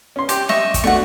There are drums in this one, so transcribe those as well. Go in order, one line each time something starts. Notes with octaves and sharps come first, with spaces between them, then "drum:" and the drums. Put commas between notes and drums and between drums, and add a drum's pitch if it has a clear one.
C#4 C6
G4, drum: hi-hat
D#5 E5 C#6, drum: snare
drum: kick, hi-hat
A3 D4 F#4 F#5 C#6